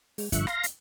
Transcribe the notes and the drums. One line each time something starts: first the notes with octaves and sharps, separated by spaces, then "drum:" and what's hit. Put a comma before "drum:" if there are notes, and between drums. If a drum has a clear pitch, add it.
G#3, drum: open hi-hat
G2 D3 F3 E5 C#6 F#6, drum: kick, hi-hat
F5 A#5 C6 A#6, drum: rim click
drum: hi-hat